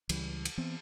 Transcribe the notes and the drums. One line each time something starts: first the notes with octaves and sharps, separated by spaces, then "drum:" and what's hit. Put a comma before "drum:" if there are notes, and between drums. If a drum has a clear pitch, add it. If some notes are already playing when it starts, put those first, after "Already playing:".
C#2 E3 G3, drum: cymbal
drum: cymbal
E3 B3 C4